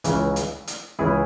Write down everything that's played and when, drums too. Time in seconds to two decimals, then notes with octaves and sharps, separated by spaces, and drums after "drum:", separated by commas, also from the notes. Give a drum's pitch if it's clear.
0.04 C#2 C#3 E3, drum: hi-hat
0.36 drum: hi-hat
0.67 drum: hi-hat
0.99 C#2 C#3 E3 E4 G#4